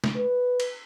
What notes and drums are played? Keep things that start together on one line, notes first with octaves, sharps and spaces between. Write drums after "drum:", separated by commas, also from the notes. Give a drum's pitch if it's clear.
drum: snare
B4
drum: cymbal